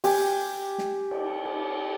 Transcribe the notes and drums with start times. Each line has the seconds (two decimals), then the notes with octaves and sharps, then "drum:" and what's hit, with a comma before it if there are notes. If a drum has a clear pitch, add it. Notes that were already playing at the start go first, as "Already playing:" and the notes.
0.04 G4 G#5, drum: open hi-hat
0.78 drum: snare
1.11 drum: cymbal
1.45 drum: cymbal